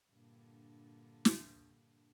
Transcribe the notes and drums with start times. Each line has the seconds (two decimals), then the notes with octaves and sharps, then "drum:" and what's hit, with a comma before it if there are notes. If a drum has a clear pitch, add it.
0.11 G2 A#2 D3
1.25 drum: snare